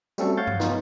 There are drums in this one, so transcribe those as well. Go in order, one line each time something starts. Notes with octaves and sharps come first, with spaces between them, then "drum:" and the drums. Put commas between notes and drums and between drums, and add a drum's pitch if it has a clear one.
G3 A3 C4 C#4 F#4 A4, drum: tambourine
C#5 F5 F#5 G6 A6
drum: tom G2
B3 D#4 F4, drum: snare